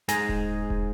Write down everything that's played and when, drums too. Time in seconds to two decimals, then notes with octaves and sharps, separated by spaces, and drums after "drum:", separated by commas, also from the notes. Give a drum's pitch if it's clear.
0.08 G#2 G#4 G#5 A#5, drum: snare
0.29 drum: kick D#1
0.70 drum: kick D#1